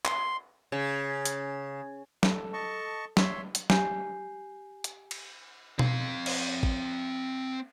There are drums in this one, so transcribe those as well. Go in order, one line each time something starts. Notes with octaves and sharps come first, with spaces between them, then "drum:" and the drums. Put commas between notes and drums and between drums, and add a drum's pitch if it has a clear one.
C6, drum: clap
C#3
drum: hi-hat
A4, drum: snare
D#5 A5 C#6
C#5 E5 C6, drum: snare
drum: hi-hat
G4 G#5 G6 C7, drum: snare
drum: hi-hat
drum: cymbal
C4 F5, drum: tom B2
drum: cymbal
drum: kick